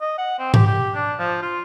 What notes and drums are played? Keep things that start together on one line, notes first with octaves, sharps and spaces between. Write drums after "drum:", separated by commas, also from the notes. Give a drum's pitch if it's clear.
D#5
F#5
C4
G4, drum: tom G#2
G4
D4
F3
F4